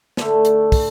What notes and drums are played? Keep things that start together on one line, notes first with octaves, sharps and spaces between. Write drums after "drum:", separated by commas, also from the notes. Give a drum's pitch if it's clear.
D3 A3, drum: snare
drum: hi-hat
drum: kick, open hi-hat